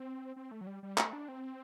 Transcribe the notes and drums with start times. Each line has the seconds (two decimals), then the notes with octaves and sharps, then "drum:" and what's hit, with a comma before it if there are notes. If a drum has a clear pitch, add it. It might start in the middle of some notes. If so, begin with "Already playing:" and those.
Already playing: C4
0.36 C4
0.51 A3
0.61 F#3
0.67 G3
0.83 G3
0.98 A3, drum: clap
1.13 D4
1.28 C4